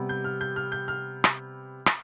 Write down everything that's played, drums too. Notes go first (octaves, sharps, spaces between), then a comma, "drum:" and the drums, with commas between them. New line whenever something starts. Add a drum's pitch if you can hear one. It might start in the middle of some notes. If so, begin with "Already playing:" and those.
Already playing: C3 G3 B3
G6
F6
G6
F6
G6
F6
drum: rim click
drum: rim click